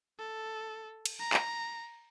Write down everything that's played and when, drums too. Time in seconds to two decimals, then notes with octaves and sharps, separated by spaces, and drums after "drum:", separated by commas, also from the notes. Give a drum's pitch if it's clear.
0.19 A4
1.06 drum: cymbal
1.19 A#5
1.33 drum: clap